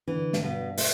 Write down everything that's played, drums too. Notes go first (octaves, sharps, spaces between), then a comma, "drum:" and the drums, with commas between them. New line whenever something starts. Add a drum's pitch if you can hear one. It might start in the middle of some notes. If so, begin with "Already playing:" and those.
D3 E3
A2, drum: snare
G2 B2
B2 A3, drum: open hi-hat